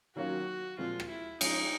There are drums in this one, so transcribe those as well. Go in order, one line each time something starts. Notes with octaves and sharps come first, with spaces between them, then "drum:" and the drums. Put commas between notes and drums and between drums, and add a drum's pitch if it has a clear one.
D#3 F#3 A#3 C#4 F4 F#4
A#2 F3 G#3 C4 F4
drum: rim click
E4
F3 G#3 C#4 D#4, drum: cymbal